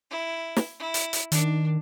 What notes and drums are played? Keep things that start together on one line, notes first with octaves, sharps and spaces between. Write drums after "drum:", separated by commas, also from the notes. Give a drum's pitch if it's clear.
E4
drum: snare
E4
drum: hi-hat
drum: hi-hat
D#3 D4, drum: hi-hat